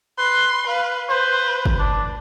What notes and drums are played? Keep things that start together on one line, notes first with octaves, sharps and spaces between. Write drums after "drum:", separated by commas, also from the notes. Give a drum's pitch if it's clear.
B4 C6
B4 F5
B4 C5
drum: kick
D4